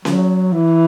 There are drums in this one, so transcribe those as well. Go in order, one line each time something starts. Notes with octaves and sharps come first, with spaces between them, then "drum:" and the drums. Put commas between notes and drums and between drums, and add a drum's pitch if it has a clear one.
F#3, drum: snare C#4
E3